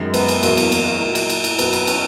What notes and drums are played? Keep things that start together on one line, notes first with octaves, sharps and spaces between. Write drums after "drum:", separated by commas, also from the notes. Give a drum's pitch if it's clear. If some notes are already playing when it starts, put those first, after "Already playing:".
Already playing: F#2 D#3 G#3
B3, drum: cymbal
drum: cymbal
E2 B2 F#3 A#3, drum: cymbal
drum: cymbal
A#3, drum: cymbal
A#3
A#2 F#3
drum: cymbal
drum: cymbal
drum: cymbal
B2 F#3 B3, drum: cymbal
B3, drum: cymbal
C#4, drum: cymbal